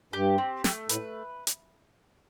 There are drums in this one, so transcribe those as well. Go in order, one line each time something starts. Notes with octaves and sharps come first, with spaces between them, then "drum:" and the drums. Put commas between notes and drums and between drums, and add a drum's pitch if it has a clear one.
G2 G4
C4
A3, drum: snare
A2 B4, drum: hi-hat
drum: hi-hat